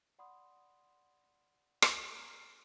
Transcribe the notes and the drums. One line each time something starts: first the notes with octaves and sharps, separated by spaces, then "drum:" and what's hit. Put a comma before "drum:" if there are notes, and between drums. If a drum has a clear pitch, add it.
D5 F#5 B5 C6 D#6
drum: rim click
A#5 F6 E7